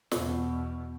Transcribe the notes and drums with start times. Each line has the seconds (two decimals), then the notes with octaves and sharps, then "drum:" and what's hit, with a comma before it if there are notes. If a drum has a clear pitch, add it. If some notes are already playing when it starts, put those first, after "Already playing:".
0.11 E2 B2, drum: snare